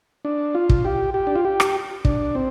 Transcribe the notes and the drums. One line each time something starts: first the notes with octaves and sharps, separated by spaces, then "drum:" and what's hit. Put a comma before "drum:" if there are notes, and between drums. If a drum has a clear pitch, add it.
D4
F4
drum: kick
G4
G4
D4
F4
G4
drum: rim click
D4, drum: kick
C4